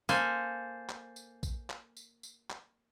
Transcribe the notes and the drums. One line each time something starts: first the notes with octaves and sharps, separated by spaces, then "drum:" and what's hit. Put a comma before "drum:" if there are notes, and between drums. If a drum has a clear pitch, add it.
A#3 A4 C5 G#5, drum: tambourine
drum: clap
drum: tambourine
drum: kick A1, tambourine
drum: clap
drum: tambourine
drum: tambourine
drum: clap